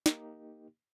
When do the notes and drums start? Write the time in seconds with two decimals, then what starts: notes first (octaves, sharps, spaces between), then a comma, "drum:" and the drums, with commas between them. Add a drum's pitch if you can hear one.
0.06 A#3 D#4 G4, drum: snare